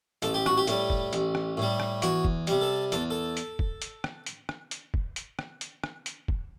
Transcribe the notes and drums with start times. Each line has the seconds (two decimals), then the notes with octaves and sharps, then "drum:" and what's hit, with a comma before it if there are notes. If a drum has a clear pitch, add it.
0.22 A1 A4, drum: hi-hat
0.34 G4
0.46 F#4, drum: rim click
0.57 G4
0.67 A2 G3, drum: hi-hat
0.90 drum: kick
1.13 A1, drum: hi-hat
1.35 drum: rim click
1.57 A2 G3
1.80 drum: rim click
2.02 E2 F#4, drum: hi-hat
2.25 drum: kick
2.47 C3 G3, drum: hi-hat
2.61 A4
2.92 E2 A4, drum: hi-hat
3.11 A4
3.37 drum: hi-hat
3.59 drum: kick
3.82 drum: hi-hat
4.04 drum: rim click
4.26 drum: hi-hat
4.49 drum: rim click
4.71 drum: hi-hat
4.94 drum: kick
5.16 drum: hi-hat
5.39 drum: rim click
5.61 drum: hi-hat
5.84 drum: rim click
6.06 drum: hi-hat
6.28 drum: kick